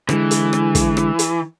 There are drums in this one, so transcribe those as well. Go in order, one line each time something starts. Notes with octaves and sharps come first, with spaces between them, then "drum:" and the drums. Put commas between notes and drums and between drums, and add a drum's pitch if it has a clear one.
D3 E3 G#3, drum: rim click
drum: hi-hat
drum: rim click
drum: kick, hi-hat
drum: rim click
drum: hi-hat